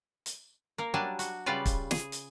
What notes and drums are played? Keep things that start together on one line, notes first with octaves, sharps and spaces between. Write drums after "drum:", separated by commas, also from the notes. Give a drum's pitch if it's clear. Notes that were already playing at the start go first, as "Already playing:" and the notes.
drum: hi-hat
A#3 A#4
F#3 G3 D4 G#5 A5
F#4, drum: hi-hat
C#3 G3 F4 B4 D5
drum: kick, hi-hat
G#4, drum: snare
drum: hi-hat